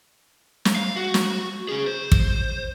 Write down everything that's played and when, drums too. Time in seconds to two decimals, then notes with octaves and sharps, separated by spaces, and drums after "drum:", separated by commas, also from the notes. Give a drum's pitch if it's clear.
0.65 drum: snare
0.76 F5
0.96 F#4
1.14 drum: snare
1.69 C#4 G#4
1.87 C5
2.12 drum: kick